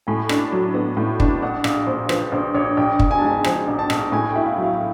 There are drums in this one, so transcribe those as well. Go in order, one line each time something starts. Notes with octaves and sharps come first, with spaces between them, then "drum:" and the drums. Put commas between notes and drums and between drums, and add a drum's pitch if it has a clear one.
A2 G#5
D4, drum: rim click
F#3
B3
A2
D4, drum: kick
A#1 F#5
A#1 F5, drum: rim click
A#2 C5
F3 B4, drum: rim click
A#1 C5
A#1 C#5
A#1 G5
A#1, drum: kick
G#5
A5
G#2 G#5
F3 G#5, drum: rim click
A#1
A5
A#1, drum: rim click
A2 G#5
G5
E4
F5
F#3
F5